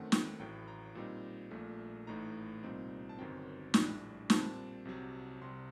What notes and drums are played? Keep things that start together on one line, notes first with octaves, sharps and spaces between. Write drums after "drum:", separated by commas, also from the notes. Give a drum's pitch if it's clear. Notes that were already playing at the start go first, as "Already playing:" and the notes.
Already playing: F#2 D#3 A3 C4 F#5
G5, drum: snare
A1 A2 F#3 G5
A#5
A#2 G3 C4 D#4
A#1 A#2 A3
A1 A2 A3 D#4 A#5
C2 A#2 G3 C4 D#4
A5
G1 F#2 D#3 F#3 C4 G5
A#1 A2 G3 D4, drum: snare
A#2 G3 C4 A5, drum: snare
C2 C3 F#3
C2 C3 G3 C6